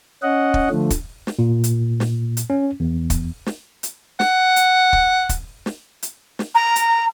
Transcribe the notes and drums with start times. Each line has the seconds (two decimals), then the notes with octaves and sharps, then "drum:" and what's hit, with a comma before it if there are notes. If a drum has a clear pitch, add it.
0.22 C#4 D#5 F#5
0.54 drum: kick
0.70 D3 F3 A3
0.90 drum: kick, hi-hat
1.27 drum: snare
1.39 A#2
1.64 drum: hi-hat
2.00 drum: snare
2.37 drum: hi-hat
2.50 C#4
2.80 E2
3.10 drum: kick, hi-hat
3.46 drum: snare
3.83 drum: hi-hat
4.20 F#5, drum: snare
4.56 drum: hi-hat
4.93 drum: kick
5.29 drum: kick, hi-hat
5.66 drum: snare
6.03 drum: hi-hat
6.39 drum: snare
6.54 A#5
6.76 drum: hi-hat